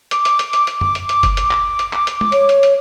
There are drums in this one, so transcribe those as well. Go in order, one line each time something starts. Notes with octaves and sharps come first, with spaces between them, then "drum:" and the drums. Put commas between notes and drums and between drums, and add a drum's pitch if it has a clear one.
D6, drum: hi-hat
drum: hi-hat
drum: hi-hat
drum: hi-hat
drum: hi-hat
drum: tom F#2
drum: hi-hat
drum: hi-hat
drum: kick F#1, hi-hat
drum: hi-hat
drum: clap
drum: hi-hat
drum: clap
drum: hi-hat
drum: tom G#3
C#5, drum: hi-hat
drum: hi-hat
drum: hi-hat